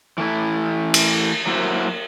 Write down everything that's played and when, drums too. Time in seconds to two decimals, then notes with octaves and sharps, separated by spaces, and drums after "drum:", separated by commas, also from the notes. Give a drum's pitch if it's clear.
0.18 E3 A3 E4
0.94 drum: cymbal
1.47 F#3 A#3 E4 F#4 A#4 C5